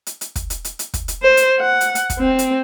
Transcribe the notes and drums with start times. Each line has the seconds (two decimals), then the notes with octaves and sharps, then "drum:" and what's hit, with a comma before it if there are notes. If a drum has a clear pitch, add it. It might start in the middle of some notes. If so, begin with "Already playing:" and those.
0.07 drum: hi-hat
0.21 drum: hi-hat
0.36 drum: kick, hi-hat
0.50 drum: hi-hat
0.65 drum: hi-hat
0.79 drum: hi-hat
0.94 drum: kick, hi-hat
1.08 drum: hi-hat
1.23 C5
1.37 drum: hi-hat
1.60 F#5
1.81 drum: hi-hat
1.95 drum: hi-hat
2.10 drum: kick, hi-hat
2.19 C4
2.39 drum: hi-hat